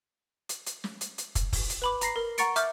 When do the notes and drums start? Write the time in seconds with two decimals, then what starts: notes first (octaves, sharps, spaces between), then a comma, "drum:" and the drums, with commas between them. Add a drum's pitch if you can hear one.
0.49 drum: hi-hat
0.66 drum: hi-hat
0.84 drum: snare
1.01 drum: hi-hat
1.18 drum: hi-hat
1.35 drum: kick, hi-hat
1.53 drum: kick, open hi-hat
1.70 drum: hi-hat
1.82 B4 B5 D6
2.01 A#5 A#6 C7, drum: hi-hat
2.16 A#4
2.38 F#5 A#5 C#6 A6 C#7 D7, drum: hi-hat
2.56 E5 D6 F6 G6, drum: hi-hat